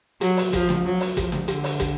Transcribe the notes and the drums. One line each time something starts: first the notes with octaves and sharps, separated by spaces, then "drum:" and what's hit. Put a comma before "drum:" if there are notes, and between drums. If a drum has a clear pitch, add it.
F#3, drum: hi-hat
drum: open hi-hat
F3, drum: kick, hi-hat
drum: snare
F#3
drum: open hi-hat
F3, drum: kick, hi-hat
drum: snare
D3, drum: hi-hat
drum: open hi-hat
drum: kick, hi-hat